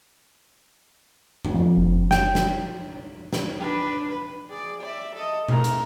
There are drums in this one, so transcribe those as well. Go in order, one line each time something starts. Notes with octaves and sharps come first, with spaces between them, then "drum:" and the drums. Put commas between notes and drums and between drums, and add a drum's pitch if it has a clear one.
drum: tom F#2
F2
F#1
G5, drum: snare
drum: snare
drum: snare
D4 B4
B4
G#4 D5
D5 E5
A4 D#5
A3 A#4, drum: tom B2
drum: hi-hat